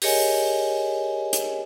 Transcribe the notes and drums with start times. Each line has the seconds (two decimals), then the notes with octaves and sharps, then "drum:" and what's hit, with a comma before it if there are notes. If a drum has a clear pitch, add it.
0.02 G4 G#4 A#4 C#5 D#5 G#5, drum: open hi-hat
1.33 drum: hi-hat